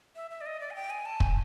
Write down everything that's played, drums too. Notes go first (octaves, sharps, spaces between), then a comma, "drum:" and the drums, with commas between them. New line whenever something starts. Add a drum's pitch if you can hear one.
E5
E5
D5
D#5
D5
G#5
G5
G#5
A5
G#5, drum: kick